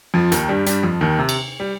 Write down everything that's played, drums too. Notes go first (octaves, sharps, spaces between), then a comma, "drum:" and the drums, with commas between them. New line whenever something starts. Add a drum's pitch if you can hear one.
F2 F3
D#2 D#3, drum: hi-hat
G2 G3
G2 G3, drum: hi-hat
F2 F3
D#2 D#3
C3
drum: cymbal
G3